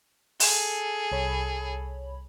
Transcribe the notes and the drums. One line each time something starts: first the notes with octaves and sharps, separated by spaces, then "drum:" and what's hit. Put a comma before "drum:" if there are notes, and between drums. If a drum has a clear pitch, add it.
G#4 A4, drum: open hi-hat
C2 C#5 B5